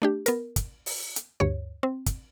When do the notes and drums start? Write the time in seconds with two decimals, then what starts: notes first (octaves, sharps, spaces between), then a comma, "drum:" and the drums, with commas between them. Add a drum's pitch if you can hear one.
0.02 A3 D4 G4
0.26 B3 A#4, drum: hi-hat
0.56 drum: kick, hi-hat
0.86 drum: open hi-hat
1.16 drum: hi-hat
1.40 D2 G2 C#5
1.83 C4
2.06 drum: kick, hi-hat